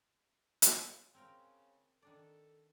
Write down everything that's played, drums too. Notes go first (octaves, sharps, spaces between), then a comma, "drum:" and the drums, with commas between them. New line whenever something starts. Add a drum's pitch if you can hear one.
C#3 F4, drum: hi-hat
C#3 C4 A#4 G5
D#3 D4 A4 D5